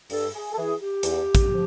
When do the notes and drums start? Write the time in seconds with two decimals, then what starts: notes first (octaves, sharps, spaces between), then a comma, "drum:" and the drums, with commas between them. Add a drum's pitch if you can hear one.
0.10 G2 A4, drum: open hi-hat
0.34 G#4
0.52 A4
0.57 E3 G#4
0.80 G4
1.03 E2, drum: hi-hat
1.35 drum: kick, hi-hat
1.50 F3